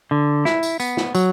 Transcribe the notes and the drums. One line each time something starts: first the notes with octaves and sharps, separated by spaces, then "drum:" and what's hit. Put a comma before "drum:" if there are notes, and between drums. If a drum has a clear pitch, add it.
D3
E4, drum: snare
drum: tambourine
B3, drum: tambourine
drum: snare
F#3, drum: tambourine